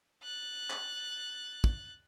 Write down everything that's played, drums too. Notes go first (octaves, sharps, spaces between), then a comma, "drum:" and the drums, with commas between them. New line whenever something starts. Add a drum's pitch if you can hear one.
F#6 A6
drum: clap
drum: kick